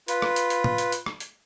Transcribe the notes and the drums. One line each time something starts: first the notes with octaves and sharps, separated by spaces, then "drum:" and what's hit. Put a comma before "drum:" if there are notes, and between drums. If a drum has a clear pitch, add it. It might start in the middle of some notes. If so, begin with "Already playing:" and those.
F4 B4, drum: hi-hat
drum: rim click
drum: hi-hat
drum: hi-hat
drum: tom
drum: hi-hat
drum: hi-hat
drum: rim click
drum: hi-hat